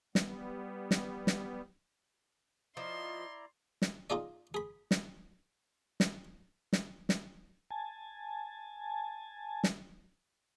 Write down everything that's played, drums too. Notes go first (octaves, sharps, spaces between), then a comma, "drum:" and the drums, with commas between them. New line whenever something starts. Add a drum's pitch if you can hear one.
G3 B3, drum: snare
drum: snare
drum: snare
F3 E4 D5 D#5 A#5 C6
drum: snare
D#4 F4 G#4 D5
G#4 B5
drum: snare
drum: snare
drum: snare
drum: snare
G#5 A5
drum: snare